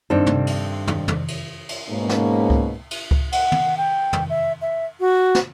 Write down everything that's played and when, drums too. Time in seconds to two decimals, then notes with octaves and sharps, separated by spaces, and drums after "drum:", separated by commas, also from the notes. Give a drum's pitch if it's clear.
0.10 G2 D#3 C4 D4 A4
0.26 drum: tom
0.47 drum: cymbal
0.87 drum: tom
1.08 drum: tom
1.28 drum: cymbal
1.69 drum: cymbal
1.89 G#2 B2 A#3 C#4
2.09 drum: snare
2.50 drum: kick C#2
2.91 drum: cymbal
3.11 drum: kick C#2
3.32 F#5, drum: cymbal
3.52 drum: tom
3.77 G5
4.13 drum: tom
4.30 E5
4.61 E5
5.00 F#4
5.35 drum: snare